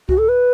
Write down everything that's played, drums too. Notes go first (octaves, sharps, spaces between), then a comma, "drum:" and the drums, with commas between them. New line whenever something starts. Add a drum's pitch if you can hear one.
F#4, drum: kick C#2
A4
B4